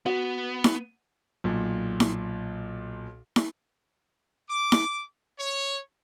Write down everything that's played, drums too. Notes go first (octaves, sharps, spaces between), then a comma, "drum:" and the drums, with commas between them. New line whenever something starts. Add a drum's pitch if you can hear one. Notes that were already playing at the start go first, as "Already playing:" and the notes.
B3 F#4
drum: snare E4
B1 A#2
drum: snare E4
drum: snare E4
D6
drum: snare E4
C#5